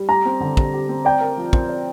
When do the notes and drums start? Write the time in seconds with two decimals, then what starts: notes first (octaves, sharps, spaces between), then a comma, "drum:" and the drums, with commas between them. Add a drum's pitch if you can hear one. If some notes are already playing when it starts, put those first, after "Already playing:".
Already playing: G3
0.09 G4 A#5
0.26 C4
0.40 D3
0.57 G3, drum: kick
0.73 G4
0.89 C4
1.05 D5 G5
1.21 A#4
1.37 F3
1.53 C4, drum: kick
1.69 D5